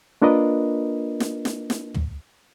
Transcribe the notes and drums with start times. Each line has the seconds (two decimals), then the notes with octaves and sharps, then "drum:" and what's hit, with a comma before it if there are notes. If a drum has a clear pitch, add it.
0.22 A#3 D4 F4 A#4 B4 D#5
1.20 drum: snare
1.45 drum: snare
1.70 drum: snare
1.94 drum: tom